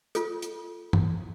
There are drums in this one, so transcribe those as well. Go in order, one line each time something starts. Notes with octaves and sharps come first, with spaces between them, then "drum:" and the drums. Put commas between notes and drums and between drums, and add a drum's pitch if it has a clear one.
F4 A4, drum: hi-hat
drum: hi-hat
drum: tom